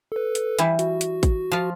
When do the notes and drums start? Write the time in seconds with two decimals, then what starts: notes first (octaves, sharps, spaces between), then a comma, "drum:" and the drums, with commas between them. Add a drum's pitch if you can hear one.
0.12 A4 B4
0.35 drum: hi-hat
0.59 E3 G3 E4, drum: hi-hat
0.79 F#4, drum: hi-hat
1.01 drum: hi-hat
1.23 drum: kick, hi-hat
1.52 F3 F4